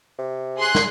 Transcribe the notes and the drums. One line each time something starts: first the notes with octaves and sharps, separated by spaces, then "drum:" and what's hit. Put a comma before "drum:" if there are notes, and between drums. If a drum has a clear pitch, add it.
C3
G#4 C6 F#6
drum: snare